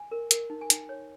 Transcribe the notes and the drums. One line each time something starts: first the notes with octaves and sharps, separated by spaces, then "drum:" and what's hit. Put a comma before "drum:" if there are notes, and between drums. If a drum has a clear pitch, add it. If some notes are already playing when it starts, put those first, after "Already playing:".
Already playing: G#5
A#4
A#4, drum: hi-hat
D#4
G#5
D#4 G5, drum: hi-hat
C#5